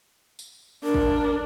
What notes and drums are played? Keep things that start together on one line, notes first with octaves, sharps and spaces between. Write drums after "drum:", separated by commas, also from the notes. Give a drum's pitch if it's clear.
drum: tambourine
D4 A#4
drum: kick